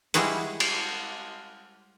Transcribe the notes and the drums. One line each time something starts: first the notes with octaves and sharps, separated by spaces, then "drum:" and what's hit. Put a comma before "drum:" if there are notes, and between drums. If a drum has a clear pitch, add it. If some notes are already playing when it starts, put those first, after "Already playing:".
G3 G#3 E4 F#4 G#4 B4, drum: hi-hat
drum: cymbal